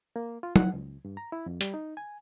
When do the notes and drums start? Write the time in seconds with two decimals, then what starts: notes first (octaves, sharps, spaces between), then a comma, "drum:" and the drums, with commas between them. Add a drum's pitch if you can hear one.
0.16 A#3
0.43 F4
0.56 F#5, drum: tom F#3
0.74 C#2
1.05 G2
1.17 A#5
1.32 E4
1.46 F2
1.61 G3, drum: hi-hat
1.74 D#4
1.97 G#5